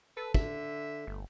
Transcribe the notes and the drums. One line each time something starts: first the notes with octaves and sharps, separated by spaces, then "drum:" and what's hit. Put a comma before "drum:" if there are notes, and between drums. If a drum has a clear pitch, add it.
A4 B4
D3 E5, drum: kick
G1 A3